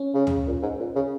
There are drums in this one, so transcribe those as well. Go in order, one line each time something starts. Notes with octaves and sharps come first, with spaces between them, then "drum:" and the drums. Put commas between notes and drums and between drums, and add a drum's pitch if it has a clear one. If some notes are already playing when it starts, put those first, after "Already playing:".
Already playing: C#4
C#3
drum: tom
A#2
G#2
A#2
C#3